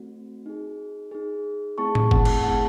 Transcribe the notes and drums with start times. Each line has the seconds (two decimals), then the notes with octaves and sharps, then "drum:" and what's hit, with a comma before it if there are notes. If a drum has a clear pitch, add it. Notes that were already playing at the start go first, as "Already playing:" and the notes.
Already playing: A3 C4 F#4
0.46 D#4 G#4
1.11 D#4 G#4
1.78 A3 C4 E4 G#4 A5 C#6
1.95 drum: tom A2
2.11 F#5 A5, drum: kick G1
2.25 drum: cymbal
2.44 A3 C4 E4 G#4 F#5 A5